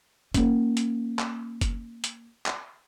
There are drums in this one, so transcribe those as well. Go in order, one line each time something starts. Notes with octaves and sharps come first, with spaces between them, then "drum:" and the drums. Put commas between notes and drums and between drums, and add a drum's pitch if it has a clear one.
A#3 C#4, drum: kick F#1, hi-hat
drum: hi-hat
drum: clap
drum: kick F#1, hi-hat
drum: hi-hat
drum: clap